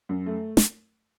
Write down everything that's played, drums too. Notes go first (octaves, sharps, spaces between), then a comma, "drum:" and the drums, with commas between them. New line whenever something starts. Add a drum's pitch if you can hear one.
F#2
A3
drum: snare